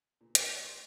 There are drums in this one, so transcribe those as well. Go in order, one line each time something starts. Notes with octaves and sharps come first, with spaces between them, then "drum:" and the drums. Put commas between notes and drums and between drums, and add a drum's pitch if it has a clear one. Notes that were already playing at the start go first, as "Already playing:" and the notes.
A#2
A3, drum: hi-hat
C#6
C6